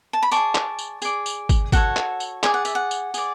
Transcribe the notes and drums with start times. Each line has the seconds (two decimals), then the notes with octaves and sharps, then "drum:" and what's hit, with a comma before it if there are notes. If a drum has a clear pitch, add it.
0.13 A5
0.23 B5
0.31 G#4 D5 A5 C#6, drum: tambourine
0.55 drum: clap
0.79 drum: tambourine
1.02 G#4 D5, drum: tambourine
1.26 drum: tambourine
1.49 drum: kick G#1, tambourine
1.72 F#4 A4 C#5 F#5, drum: kick G#1, tambourine
1.97 drum: clap
2.20 drum: tambourine
2.43 G#4 D5 G#5, drum: clap
2.54 F#5
2.65 E5, drum: tambourine
2.75 F#5
2.91 drum: tambourine
3.14 G#4 D5, drum: tambourine